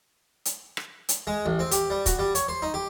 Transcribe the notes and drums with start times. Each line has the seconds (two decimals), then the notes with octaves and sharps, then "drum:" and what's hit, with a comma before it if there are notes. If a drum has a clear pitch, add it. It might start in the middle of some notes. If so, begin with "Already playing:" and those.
0.45 drum: hi-hat
0.77 drum: rim click
1.09 drum: hi-hat
1.27 G#3
1.46 A1
1.59 C4
1.71 G4, drum: hi-hat
1.90 G3
2.06 F#4, drum: kick, hi-hat
2.19 G3
2.35 C#5, drum: hi-hat
2.48 C5
2.62 D#4
2.74 G4